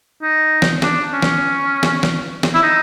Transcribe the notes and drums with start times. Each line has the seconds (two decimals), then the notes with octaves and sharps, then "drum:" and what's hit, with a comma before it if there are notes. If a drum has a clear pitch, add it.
0.22 D#4
0.62 drum: snare
0.82 D4, drum: snare
1.13 C#4
1.22 drum: snare
1.83 drum: snare
2.03 drum: snare
2.43 drum: snare
2.54 E4
2.63 D#4